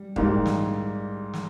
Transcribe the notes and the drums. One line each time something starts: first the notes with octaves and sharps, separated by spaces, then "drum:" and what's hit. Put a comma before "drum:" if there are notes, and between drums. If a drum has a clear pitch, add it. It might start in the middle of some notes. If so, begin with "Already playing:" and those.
Already playing: G3
A#1 G#2 G3 A#3, drum: kick D#1
drum: snare
drum: snare